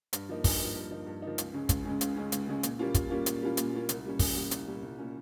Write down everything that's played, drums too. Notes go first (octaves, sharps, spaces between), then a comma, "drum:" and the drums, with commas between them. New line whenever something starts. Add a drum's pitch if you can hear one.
G2, drum: hi-hat
F3 A#3 D#4
G2, drum: kick, open hi-hat
F3 A#3 D#4
G2
F3 A#3 D#4
G2
F3 A#3 D#4
C#2, drum: hi-hat
C#3 G#3 C#4
C#2, drum: kick, hi-hat
C#3 G#3 C#4
C#2, drum: hi-hat
C#3 G#3 C#4
C#2, drum: hi-hat
C#3 G#3 C#4
A#2, drum: hi-hat
G3 A#3 C#4 F4
A#2, drum: kick, hi-hat
G3 A#3 C#4 F4
A#2, drum: hi-hat
G3 A#3 C#4 F4
A#2, drum: hi-hat
G3 A#3 C#4 F4
C2, drum: hi-hat
A#2 G3 C#4
C2, drum: kick, open hi-hat
A#2 G3 C#4
C2, drum: hi-hat
A#2 G3 C#4
C2
A#2 G3 C#4